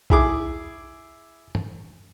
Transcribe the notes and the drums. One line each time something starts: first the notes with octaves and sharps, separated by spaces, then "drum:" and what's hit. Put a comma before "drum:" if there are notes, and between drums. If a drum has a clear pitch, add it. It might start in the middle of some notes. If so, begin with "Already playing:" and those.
E4 G#4 D6, drum: kick A#1
drum: tom